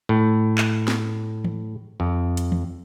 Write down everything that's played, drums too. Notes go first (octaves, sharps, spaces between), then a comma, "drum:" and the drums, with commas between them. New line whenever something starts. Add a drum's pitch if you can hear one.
A2
drum: clap
drum: snare
drum: tom E3
F2
drum: hi-hat
drum: tom E3